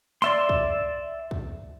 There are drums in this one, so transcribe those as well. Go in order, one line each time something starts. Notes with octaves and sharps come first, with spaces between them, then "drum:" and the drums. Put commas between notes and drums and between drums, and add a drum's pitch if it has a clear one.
D5 E5 C6, drum: snare
drum: kick
drum: kick